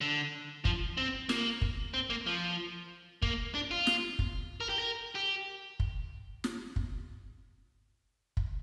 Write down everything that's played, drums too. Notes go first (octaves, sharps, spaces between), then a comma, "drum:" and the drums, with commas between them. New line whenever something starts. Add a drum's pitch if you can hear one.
D3
F3, drum: kick
C4
A#3, drum: snare
drum: kick
C4
A#3
F3
A#3, drum: kick
D4
F4
drum: snare
drum: kick
A#4
G4
A#4
G4
drum: kick
drum: snare
drum: kick
drum: kick